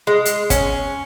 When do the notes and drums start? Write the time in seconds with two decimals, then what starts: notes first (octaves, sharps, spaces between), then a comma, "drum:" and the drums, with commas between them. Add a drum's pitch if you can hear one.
0.07 G#3
0.25 drum: hi-hat
0.50 C#4, drum: kick, hi-hat